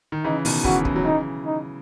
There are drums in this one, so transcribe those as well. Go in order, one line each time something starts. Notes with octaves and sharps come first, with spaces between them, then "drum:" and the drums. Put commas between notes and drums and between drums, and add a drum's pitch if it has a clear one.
D#3
C#3 E3 D#4
B2 D#3, drum: open hi-hat
C#3 E3 F#4, drum: kick
C#3 E3, drum: kick
D#3 F#3
C#3 E3 D#4
D#4